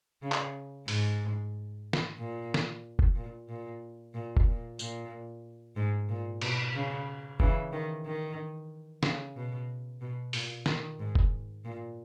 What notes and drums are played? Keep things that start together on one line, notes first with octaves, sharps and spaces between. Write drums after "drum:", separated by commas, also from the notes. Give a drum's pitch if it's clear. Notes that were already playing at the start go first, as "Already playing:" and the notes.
C#3
drum: clap
G#2, drum: open hi-hat
drum: snare
A#2
drum: snare
drum: kick
A#2
A#2
A#2
drum: kick
A#2
A#2, drum: tambourine
G#2
A#2
B2, drum: cymbal
C#3
C#3 E3, drum: kick
D#3
D#3
C#3, drum: snare
B2
B2
A#2, drum: open hi-hat
D#3, drum: snare
G#2
drum: kick
A#2